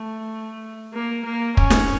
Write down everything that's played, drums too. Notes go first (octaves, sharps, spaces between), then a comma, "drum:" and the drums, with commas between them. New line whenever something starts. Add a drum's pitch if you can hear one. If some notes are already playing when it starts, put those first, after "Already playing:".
Already playing: A3
A#3
A#3
C#4, drum: kick
drum: snare